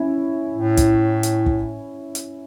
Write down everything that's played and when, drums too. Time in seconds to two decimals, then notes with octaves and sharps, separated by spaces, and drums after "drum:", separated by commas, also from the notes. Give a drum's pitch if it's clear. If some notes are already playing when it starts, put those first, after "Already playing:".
Already playing: C#4 E4
0.55 A2
0.77 drum: kick, hi-hat
1.23 drum: hi-hat
1.46 drum: kick
2.15 drum: hi-hat